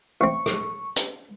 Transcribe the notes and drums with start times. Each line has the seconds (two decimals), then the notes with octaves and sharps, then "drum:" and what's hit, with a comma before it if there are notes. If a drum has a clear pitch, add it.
0.21 A1 C4 C#6
0.46 drum: rim click
0.96 drum: hi-hat